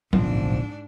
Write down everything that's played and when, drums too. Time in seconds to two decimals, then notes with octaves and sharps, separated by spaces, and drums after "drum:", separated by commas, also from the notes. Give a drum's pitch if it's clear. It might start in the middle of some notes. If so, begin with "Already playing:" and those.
0.13 D1 B1 G#2 F3 C4 D4, drum: tom